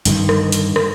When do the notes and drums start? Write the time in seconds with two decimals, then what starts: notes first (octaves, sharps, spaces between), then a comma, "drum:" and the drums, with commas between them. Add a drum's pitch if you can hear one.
0.05 G2 D3 D#3, drum: hi-hat
0.29 drum: rim click
0.52 drum: hi-hat
0.76 drum: rim click